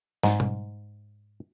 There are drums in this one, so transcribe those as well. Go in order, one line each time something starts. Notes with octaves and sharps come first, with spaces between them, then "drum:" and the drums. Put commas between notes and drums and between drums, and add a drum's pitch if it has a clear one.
G#2, drum: snare
drum: tom B2